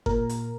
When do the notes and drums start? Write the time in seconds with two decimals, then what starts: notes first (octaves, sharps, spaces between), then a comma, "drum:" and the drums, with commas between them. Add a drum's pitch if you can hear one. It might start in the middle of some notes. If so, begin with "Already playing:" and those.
0.06 A#2 A#4, drum: kick G1
0.29 drum: hi-hat